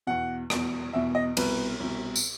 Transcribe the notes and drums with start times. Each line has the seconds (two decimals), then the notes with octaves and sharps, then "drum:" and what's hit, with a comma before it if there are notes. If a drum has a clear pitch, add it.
0.07 E2 B2 F#5
0.50 E2 B2, drum: rim click
0.93 E2 B2 E5
1.15 D#5
1.37 C2 B2 B4, drum: cymbal
1.80 C2 B2
2.16 drum: tambourine